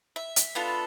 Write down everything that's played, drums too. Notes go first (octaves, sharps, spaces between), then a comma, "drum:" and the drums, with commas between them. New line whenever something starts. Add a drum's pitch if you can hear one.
E5
drum: hi-hat
B3 D4 F4 A4